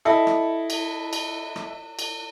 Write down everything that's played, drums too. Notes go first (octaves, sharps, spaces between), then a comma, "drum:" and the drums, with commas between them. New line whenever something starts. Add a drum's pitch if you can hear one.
E4 A4 D#5
drum: rim click
drum: cymbal
drum: cymbal
drum: rim click
drum: cymbal